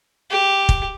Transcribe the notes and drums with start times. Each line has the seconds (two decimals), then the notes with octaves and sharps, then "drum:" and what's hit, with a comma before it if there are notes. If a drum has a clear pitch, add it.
0.31 G4
0.69 drum: kick